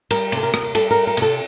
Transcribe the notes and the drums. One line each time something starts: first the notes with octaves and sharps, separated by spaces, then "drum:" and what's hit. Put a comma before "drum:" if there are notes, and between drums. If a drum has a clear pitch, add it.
G3 A#4, drum: cymbal
C3 A4, drum: cymbal
A#4
C3, drum: rim click
G3 A4, drum: cymbal
G3 A#4
A#4
C3 A4, drum: cymbal